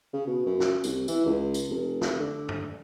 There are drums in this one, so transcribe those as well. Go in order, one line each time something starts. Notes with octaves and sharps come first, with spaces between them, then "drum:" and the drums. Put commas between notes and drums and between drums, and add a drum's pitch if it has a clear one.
C#3
B2
F#2
drum: snare
C2, drum: tambourine
E3, drum: tambourine
C#2
drum: tambourine
F1
drum: snare
D3
drum: tom G2